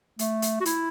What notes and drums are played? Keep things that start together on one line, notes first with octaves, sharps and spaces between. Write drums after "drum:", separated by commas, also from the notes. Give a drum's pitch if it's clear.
A3, drum: hi-hat
drum: hi-hat
F#4
E4, drum: hi-hat